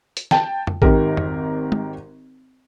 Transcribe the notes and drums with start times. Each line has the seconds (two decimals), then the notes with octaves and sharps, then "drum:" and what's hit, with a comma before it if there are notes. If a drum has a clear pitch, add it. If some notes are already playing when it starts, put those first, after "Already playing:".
0.17 drum: hi-hat
0.31 G5 A5, drum: snare
0.67 drum: tom F2
0.82 G#1 D#3 G4 A#4, drum: kick A1
1.17 drum: tom F2
1.72 drum: tom